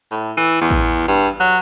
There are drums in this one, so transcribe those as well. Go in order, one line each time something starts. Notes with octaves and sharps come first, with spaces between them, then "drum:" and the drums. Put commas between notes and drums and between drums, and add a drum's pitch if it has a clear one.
A2
E3
E2
drum: kick A1
G2
F#3